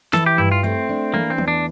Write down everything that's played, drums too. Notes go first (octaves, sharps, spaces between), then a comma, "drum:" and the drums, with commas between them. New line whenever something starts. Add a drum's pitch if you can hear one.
E3 A4, drum: snare
G4
G2 E4
F4
A3 C4
D4
E3 A#3, drum: tom
C4
E2, drum: tom
D4